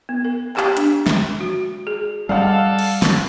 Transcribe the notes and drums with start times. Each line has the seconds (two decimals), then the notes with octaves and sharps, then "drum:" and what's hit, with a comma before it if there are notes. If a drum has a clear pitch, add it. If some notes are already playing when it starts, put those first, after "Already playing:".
0.09 B3
0.25 A#4
0.57 G4, drum: clap
0.77 D4, drum: hi-hat
1.07 G#3, drum: snare
1.40 F#4
1.87 G#4
2.29 G3 A4 D5 D#5 F5 F#5
2.79 drum: cymbal
3.02 drum: snare